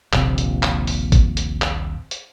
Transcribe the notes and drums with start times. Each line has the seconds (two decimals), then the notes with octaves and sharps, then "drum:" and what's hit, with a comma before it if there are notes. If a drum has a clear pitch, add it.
0.13 D#1 A#1 C3, drum: clap
0.38 drum: hi-hat
0.63 drum: clap
0.87 drum: open hi-hat
1.12 drum: kick G#1, hi-hat
1.37 drum: hi-hat
1.62 drum: clap
2.11 drum: hi-hat